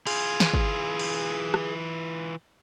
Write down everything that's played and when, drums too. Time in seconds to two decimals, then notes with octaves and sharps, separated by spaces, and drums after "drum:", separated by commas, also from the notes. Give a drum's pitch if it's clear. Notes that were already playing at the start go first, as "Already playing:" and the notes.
0.07 E3 F4 G#4, drum: cymbal
0.40 drum: snare
0.53 drum: kick
0.99 drum: cymbal
1.54 drum: rim click